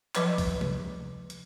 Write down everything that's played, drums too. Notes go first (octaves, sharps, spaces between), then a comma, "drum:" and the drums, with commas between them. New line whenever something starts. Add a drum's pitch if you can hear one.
F3 F#3 B4 C#5, drum: clap
drum: kick, open hi-hat
drum: tom C3
drum: hi-hat